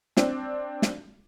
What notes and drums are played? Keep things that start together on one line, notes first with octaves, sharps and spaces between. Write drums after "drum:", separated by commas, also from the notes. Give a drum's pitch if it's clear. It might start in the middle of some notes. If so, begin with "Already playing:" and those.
C4 D4, drum: snare
drum: snare